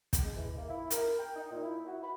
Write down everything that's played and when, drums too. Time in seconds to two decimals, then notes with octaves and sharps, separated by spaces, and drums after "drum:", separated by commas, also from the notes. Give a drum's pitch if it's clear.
0.13 drum: kick, hi-hat
0.23 G#3
0.35 E3
0.57 A#3
0.69 E4
0.90 A#4, drum: hi-hat
1.18 G5
1.36 D#4
1.51 A#2
1.63 E4
1.86 F#4
2.02 B5